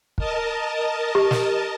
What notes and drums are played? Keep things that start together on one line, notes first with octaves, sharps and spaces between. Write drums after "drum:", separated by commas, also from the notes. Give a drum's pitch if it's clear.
A#4 D#5 A5, drum: kick
G4
drum: snare